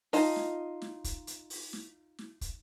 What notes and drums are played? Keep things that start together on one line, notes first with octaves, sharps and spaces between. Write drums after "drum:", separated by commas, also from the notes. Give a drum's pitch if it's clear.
D#4 F4 D#5 A5, drum: open hi-hat
drum: snare
drum: snare
drum: kick, hi-hat
drum: hi-hat
drum: open hi-hat
drum: snare
drum: snare
drum: kick, hi-hat